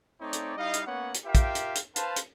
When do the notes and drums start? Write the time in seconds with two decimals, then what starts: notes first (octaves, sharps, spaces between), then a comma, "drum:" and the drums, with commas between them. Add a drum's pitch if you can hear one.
0.21 A3 C4 D#4 C#5 D5
0.33 drum: hi-hat
0.57 G3 D#4 E4 D#5 F5
0.73 drum: hi-hat
0.87 A#3 B3 C#4 C#5 F#5
1.14 drum: hi-hat
1.25 F4 G4 A#4 E5 F5 G5
1.35 drum: kick, hi-hat
1.55 drum: hi-hat
1.75 drum: hi-hat
1.96 B4 C5 F5 A5, drum: hi-hat
2.16 drum: hi-hat